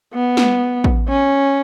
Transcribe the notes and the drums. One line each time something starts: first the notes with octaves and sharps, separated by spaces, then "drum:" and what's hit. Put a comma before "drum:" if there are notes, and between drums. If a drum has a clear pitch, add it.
B3
drum: snare
drum: kick A1
C#4